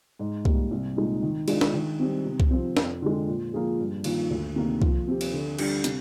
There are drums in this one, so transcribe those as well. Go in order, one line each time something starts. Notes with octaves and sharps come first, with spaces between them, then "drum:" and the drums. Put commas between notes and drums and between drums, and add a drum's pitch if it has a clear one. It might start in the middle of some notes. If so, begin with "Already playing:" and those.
G#2
G3 A#3, drum: kick
C2
A#2 G#3 D#4
D#3
G#3 D4 F4 G#4, drum: cymbal
drum: snare
D#3
G3 C4
C3
drum: kick
F3 C4
F2, drum: snare
D3 G#3
A#2
F3 A#3 F4 G#4
G2
D#3 A#3 F4, drum: cymbal
D2
C3 D#3 A#3
F3, drum: kick
C4 G4
drum: cymbal
D3
G3 D4, drum: cymbal
C3, drum: hi-hat